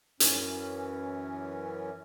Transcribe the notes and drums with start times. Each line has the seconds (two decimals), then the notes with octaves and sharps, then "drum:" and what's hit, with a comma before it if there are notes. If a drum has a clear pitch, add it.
0.20 F#2 E3 C#4, drum: hi-hat